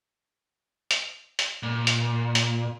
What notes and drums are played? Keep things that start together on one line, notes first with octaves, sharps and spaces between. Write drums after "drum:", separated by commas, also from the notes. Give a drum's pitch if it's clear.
drum: hi-hat
drum: hi-hat
A#2
drum: hi-hat
drum: hi-hat